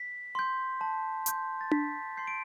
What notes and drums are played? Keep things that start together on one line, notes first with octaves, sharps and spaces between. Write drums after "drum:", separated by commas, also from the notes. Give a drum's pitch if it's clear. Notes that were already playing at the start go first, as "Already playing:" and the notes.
Already playing: B6
C6 G6
A5
C6 G6, drum: hi-hat
A6
A5 B6, drum: tom D4
C6 G6 C7
D7